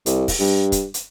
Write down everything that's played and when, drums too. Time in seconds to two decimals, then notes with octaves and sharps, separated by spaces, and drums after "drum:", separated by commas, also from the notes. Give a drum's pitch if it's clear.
0.06 C2, drum: hi-hat
0.28 drum: kick, open hi-hat
0.40 G2
0.72 drum: kick, hi-hat
0.94 drum: hi-hat